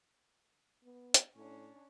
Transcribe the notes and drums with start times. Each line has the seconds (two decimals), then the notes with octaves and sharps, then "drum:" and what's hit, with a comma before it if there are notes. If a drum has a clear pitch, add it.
0.84 B3
1.14 drum: hi-hat
1.36 A2 C#4 D4